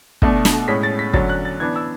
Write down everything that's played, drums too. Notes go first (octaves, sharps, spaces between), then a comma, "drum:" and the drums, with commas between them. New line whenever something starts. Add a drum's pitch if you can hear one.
B2 A3 D4, drum: kick
drum: snare
A2 G#3 C#4 B6
A6
B6
D3 F#3 C#4 A6, drum: kick
F#6
A6
E3 B3 D4 G#6
E6